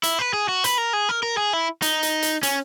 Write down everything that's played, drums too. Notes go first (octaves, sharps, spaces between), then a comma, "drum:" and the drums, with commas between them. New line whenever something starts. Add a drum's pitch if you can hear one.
E4, drum: hi-hat
B4
G#4
F#4
B4, drum: hi-hat
A#4
G#4
A#4
A#4
G#4
E4
D#4, drum: hi-hat
drum: hi-hat
drum: hi-hat
C#4, drum: hi-hat